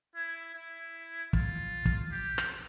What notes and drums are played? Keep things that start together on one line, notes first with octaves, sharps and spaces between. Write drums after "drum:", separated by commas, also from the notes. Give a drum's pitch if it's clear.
E4
E4
F4, drum: kick
drum: kick
G4
drum: rim click